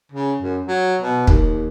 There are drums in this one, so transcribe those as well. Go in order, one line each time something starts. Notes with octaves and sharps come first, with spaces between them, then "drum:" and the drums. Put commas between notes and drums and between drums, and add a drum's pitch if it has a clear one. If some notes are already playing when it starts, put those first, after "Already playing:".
C#3
F#2
F#3
B2
D#2, drum: kick